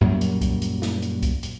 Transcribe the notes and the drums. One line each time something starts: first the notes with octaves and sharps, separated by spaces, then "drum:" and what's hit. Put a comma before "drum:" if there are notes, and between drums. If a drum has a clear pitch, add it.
F#2 A#2 F#3 G3
drum: hi-hat
drum: kick, hi-hat
drum: hi-hat
drum: snare
drum: hi-hat
drum: kick, hi-hat
drum: hi-hat